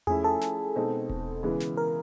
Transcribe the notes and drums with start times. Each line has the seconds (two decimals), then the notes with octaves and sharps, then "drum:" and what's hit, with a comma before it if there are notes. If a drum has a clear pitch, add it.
0.07 F3 A3 C#4 E4 G#4, drum: tom E2
0.24 A4
0.42 drum: snare
0.76 B2 G#3 C4 D#4
1.10 drum: kick D#1
1.43 C#3 E3 G#3 B3
1.60 drum: snare
1.77 A#4